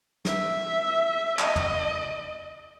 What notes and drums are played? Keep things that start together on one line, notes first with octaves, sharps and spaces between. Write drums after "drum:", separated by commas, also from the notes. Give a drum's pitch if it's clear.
E5, drum: snare
D#5, drum: clap
drum: tom